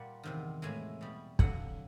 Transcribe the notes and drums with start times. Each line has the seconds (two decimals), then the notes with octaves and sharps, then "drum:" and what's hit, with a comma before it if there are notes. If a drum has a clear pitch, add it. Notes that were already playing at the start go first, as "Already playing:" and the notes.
Already playing: A#2 G3 F#5
0.24 E2 C3 D#3
0.62 A2 E3 G#3 G#5
1.01 B2 G3
1.39 F2 D3 F#3 F#5, drum: kick